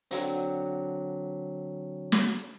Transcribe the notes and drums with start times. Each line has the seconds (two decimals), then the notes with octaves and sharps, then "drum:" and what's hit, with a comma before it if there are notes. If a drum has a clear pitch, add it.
0.11 D3 F#3 C4, drum: hi-hat
2.12 drum: snare